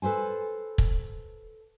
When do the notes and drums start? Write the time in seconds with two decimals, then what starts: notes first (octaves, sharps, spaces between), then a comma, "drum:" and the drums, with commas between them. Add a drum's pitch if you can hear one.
0.02 A4 B4 C5 G#5
0.78 drum: kick